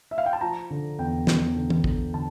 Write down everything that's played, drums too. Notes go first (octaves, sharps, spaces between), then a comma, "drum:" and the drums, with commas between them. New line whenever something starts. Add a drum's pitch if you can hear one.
E5
F5
G5
A5
F3 A#5
D3
E2 G5
E2, drum: snare
D3
drum: tom
D3, drum: kick
D3 A5